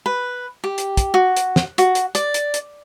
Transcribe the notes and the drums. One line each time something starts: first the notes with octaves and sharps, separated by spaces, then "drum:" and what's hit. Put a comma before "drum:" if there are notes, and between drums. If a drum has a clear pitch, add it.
B4
G4
drum: hi-hat
drum: kick, hi-hat
F#4
drum: hi-hat
drum: snare
F#4, drum: hi-hat
drum: hi-hat
D5, drum: hi-hat
drum: hi-hat
drum: hi-hat